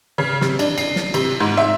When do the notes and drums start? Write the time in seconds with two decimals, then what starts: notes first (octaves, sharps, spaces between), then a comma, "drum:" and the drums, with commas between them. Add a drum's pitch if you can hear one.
0.18 C#3
0.41 C3, drum: snare
0.59 D4, drum: cymbal
0.78 C7, drum: cymbal
0.96 drum: snare
1.14 C3, drum: cymbal
1.40 G#2
1.57 E5